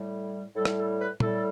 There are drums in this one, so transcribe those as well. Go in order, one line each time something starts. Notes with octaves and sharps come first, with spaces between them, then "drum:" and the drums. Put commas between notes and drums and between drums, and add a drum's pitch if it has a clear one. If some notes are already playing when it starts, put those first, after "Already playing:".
Already playing: A2 G3
A2 G3 A4
drum: rim click
A4
B4
A2 G3 A4, drum: tom